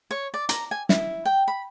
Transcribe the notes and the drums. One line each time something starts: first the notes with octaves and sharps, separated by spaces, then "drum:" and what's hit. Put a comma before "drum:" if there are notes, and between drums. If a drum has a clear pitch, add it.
C#5
D5
A#5, drum: hi-hat
G#5
E4, drum: snare
G5
B5